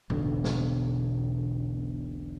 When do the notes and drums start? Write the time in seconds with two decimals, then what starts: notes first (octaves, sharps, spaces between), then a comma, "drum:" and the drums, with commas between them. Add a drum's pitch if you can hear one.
0.10 E1 B1 B2 D3, drum: tom A2
0.44 drum: snare